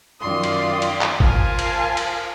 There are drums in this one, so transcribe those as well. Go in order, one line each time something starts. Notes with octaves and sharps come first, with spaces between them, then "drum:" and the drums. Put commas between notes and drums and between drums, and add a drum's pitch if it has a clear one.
F#2 D#3 F4 D5 C6 D#6
drum: cymbal
drum: cymbal
drum: clap
F4 A#4 C5 F5 G#5 A5, drum: kick G#1
drum: cymbal
drum: cymbal